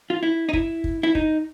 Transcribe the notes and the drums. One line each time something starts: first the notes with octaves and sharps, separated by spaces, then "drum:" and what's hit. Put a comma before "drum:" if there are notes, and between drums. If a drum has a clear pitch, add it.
F4
E4
D#4
E4, drum: kick
drum: kick
E4
D#4, drum: kick